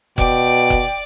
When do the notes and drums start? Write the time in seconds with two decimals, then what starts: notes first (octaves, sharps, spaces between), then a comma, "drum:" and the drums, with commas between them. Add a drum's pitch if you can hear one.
0.18 B2 D5 G5 D6, drum: kick F1
0.70 drum: kick F1